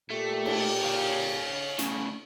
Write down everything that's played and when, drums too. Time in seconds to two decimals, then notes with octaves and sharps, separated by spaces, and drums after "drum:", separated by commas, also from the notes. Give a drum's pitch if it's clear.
0.10 A#2 A3 G4
0.45 drum: cymbal
0.83 C#5 F5
1.79 A2 C#3, drum: hi-hat